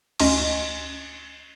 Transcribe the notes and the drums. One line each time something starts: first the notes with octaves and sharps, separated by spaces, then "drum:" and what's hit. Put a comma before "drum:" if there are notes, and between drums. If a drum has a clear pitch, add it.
D2 C#4 D#5 G#5 C6, drum: cymbal